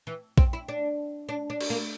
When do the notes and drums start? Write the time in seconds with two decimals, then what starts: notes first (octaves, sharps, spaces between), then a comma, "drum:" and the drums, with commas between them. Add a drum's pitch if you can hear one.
0.07 E3
0.38 C4, drum: kick A#1
0.53 E4
0.68 D4
1.29 D4
1.50 D4
1.61 drum: cymbal
1.70 A#3